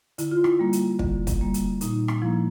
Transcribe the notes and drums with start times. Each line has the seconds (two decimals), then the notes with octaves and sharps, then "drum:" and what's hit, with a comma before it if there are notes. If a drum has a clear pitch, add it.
0.18 D3 E4, drum: hi-hat
0.31 F4
0.44 E4, drum: rim click
0.59 G3 A#3
0.73 drum: hi-hat
0.99 D3, drum: kick
1.27 drum: kick, hi-hat
1.41 G3 A#3
1.54 drum: hi-hat
1.81 A#2 D#4, drum: hi-hat
2.08 drum: rim click
2.22 F3 A#3 E4